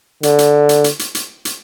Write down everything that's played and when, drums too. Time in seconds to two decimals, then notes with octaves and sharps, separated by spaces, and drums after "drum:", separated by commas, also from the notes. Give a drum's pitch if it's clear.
0.23 D3, drum: hi-hat
0.38 drum: hi-hat
0.69 drum: hi-hat
0.84 drum: hi-hat
0.99 drum: hi-hat
1.15 drum: hi-hat
1.45 drum: hi-hat